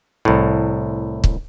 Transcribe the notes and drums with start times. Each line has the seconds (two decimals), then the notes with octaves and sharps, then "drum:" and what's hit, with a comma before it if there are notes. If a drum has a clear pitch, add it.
0.25 C2 A2
1.24 drum: kick